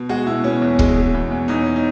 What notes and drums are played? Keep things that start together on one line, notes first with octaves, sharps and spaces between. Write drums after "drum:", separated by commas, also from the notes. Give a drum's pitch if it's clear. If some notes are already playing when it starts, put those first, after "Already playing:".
Already playing: B2
G#3 F#4
B2 E4
B2 C#4
E2
G#3, drum: kick
G#3
E2
E2
E2 D#4
C#4
D#4